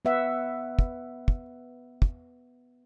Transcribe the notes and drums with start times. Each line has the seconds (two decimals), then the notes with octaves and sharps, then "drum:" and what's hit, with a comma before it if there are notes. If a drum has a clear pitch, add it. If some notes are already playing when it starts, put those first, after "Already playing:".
0.05 B3 B4 E5 F#5
0.79 drum: kick
1.28 drum: kick
2.02 drum: kick